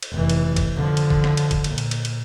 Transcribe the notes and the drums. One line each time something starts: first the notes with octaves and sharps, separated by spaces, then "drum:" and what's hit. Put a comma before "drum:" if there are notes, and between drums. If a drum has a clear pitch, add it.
drum: cymbal
F1 E3
drum: cymbal
drum: kick, cymbal
D3 F3
drum: cymbal
drum: kick
drum: snare
drum: cymbal
drum: kick, cymbal
A#2, drum: cymbal
drum: cymbal
drum: cymbal
drum: cymbal